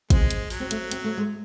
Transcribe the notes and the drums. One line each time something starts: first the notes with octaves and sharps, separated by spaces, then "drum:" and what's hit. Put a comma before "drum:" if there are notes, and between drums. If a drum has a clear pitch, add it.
G#3 C4, drum: kick G#1, hi-hat
drum: hi-hat
F#3, drum: open hi-hat
C4
A3, drum: hi-hat
C4, drum: hi-hat
A3
G#3